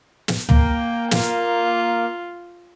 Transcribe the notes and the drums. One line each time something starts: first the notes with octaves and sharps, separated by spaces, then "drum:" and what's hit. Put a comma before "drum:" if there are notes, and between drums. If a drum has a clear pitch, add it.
drum: snare
A#3 G5, drum: tom
F4, drum: snare